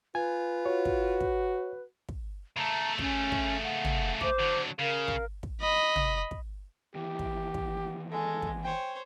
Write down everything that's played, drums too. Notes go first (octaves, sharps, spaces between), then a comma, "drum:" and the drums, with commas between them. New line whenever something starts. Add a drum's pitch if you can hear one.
F4 B4 G#5
F#4 C#5
drum: kick
drum: kick
drum: kick
C#3 A3 A5 A#5
C#4, drum: kick
drum: kick
F#5
drum: tom
C5 D6, drum: kick
D3 F#3
C#3 A#4 F5
drum: kick
drum: kick
D#5 B5
drum: tom
drum: kick
D#2 E3 G4
drum: kick
drum: kick
G#3 A4
drum: kick
C5 C#5 G5